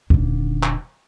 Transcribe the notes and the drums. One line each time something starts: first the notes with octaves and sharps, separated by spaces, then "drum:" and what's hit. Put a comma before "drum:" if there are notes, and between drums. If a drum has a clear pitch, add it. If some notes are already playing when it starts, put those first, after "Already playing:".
D#1 D3, drum: kick
drum: clap